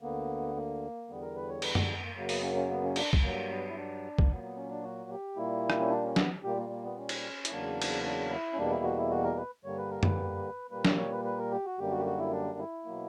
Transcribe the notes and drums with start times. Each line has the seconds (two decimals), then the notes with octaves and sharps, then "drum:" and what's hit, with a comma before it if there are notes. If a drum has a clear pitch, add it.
0.02 D2 D3 A#3 B3
0.56 A#3
1.09 E2 D3 G3 B3
1.22 A#4
1.36 B4
1.49 C#5
1.62 B4, drum: cymbal
1.75 F#4, drum: tom F#2
1.89 B3
2.03 A#3
2.16 F#2 C#3 F#3 A#3
2.29 B3, drum: open hi-hat
2.43 C#4
2.55 C#4
2.70 B3
2.83 C#4
2.96 D4, drum: cymbal
3.13 drum: kick
3.23 G2 F#3 A#3
3.50 B3
3.69 E4
3.76 D4
4.19 A#3, drum: kick
4.29 A#2 F#3 A#3 B3
4.43 B3
4.56 C#4
4.70 D4
4.83 F#4
5.10 G4
5.37 A#2 G3 A#3 E4
5.70 drum: rim click
5.79 C#4
5.90 D4
6.04 C#4
6.16 B3, drum: snare
6.44 A#2 G3 A#3 G4
6.57 A#3
6.70 A#3
6.84 B3
6.98 C#4
7.09 drum: cymbal
7.45 E4, drum: hi-hat
7.51 E2 C#3 F#3 A#3 D4
7.82 drum: cymbal
8.04 D4
8.30 E4
8.53 C#4
8.57 E2 B2 G3 A#3 D4
8.71 E4
8.84 F#4
8.97 E4
9.10 F#4
9.24 A#4
9.37 B4
9.65 G2 D3 G3 A#3 C#5
9.78 B4
9.91 A#4
10.03 B4, drum: tom F#2
10.71 A#2 G3 A#3 B4
10.85 C#5, drum: snare
10.98 C#5
11.12 B4
11.25 B4
11.38 A#4
11.52 G4
11.65 F#4
11.79 F#2 D3 G3 A#3 G4
11.91 F#4
11.99 G4
12.05 F#4
12.18 E4
12.32 D4
12.59 E4
12.85 B2 F#3 A#3